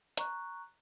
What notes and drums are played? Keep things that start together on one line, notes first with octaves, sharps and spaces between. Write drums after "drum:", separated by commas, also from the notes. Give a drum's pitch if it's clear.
A#5 C#6 F#6, drum: hi-hat